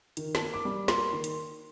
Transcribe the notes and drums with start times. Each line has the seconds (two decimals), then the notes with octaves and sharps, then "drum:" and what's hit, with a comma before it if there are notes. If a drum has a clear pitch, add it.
0.17 D#3, drum: hi-hat
0.35 A5, drum: snare
0.41 A#3
0.54 D6
0.65 G3
0.88 A#3 C6, drum: snare
1.13 D#3
1.24 drum: hi-hat